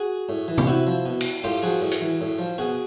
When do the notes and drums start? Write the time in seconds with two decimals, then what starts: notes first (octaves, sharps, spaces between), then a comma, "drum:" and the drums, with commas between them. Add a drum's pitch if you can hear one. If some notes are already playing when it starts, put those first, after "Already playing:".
Already playing: F#4 G#4
0.29 A2
0.48 E3
0.58 G4, drum: tom C3
0.67 C3 E4 F#4
0.87 F3
1.06 B2
1.21 drum: cymbal
1.44 A2 F4 G4
1.63 F3 F#4 G#4
1.82 A2
1.91 drum: hi-hat
2.01 E3
2.21 A2
2.39 F3
2.58 B2 F#4 G#4